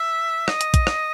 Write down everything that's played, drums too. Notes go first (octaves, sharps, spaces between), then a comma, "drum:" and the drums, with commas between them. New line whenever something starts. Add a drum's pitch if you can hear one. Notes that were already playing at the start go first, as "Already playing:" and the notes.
Already playing: E5
D#5, drum: rim click
drum: hi-hat
drum: kick A#1, hi-hat
drum: rim click